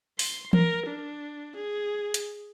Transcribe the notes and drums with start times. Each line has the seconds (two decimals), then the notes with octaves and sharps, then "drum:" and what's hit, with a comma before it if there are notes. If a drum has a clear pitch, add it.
0.19 C6, drum: open hi-hat
0.53 A#4, drum: tom E3
0.86 D4
1.56 G#4
2.14 drum: hi-hat